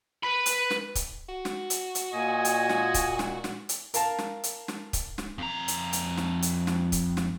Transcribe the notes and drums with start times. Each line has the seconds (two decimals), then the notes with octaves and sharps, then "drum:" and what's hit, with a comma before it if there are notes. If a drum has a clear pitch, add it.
0.23 B4 B5
0.46 drum: hi-hat
0.71 drum: snare
0.95 drum: kick C#1, hi-hat
1.29 F#4
1.45 drum: snare
1.70 drum: hi-hat
1.95 drum: hi-hat
2.13 A#2 D#5 G#5
2.45 drum: hi-hat
2.69 drum: snare
2.94 drum: kick C#1, hi-hat
3.19 drum: snare
3.44 drum: snare
3.69 drum: hi-hat
3.94 A#4 F5 A5, drum: hi-hat
4.19 drum: snare
4.44 drum: hi-hat
4.68 drum: snare
4.93 drum: kick C#1, hi-hat
5.18 drum: snare
5.38 F2 A#5
5.68 drum: hi-hat
5.93 drum: hi-hat
6.18 drum: snare
6.42 drum: hi-hat
6.67 drum: snare
6.92 drum: kick C#1, hi-hat
7.17 drum: snare